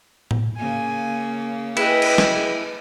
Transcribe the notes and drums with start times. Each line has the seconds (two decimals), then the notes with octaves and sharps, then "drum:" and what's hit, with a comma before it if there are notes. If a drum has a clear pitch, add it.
0.31 drum: tom A2
0.58 C#3 A#3 G#5
1.77 E4 G#4 B4 D#5 G5, drum: cymbal
2.02 drum: cymbal
2.18 drum: snare